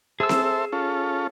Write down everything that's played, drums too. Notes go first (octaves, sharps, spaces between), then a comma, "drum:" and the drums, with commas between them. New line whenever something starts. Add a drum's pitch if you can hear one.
G#4 A4 C5 E5 E6
drum: snare C4
C#4 F4 A4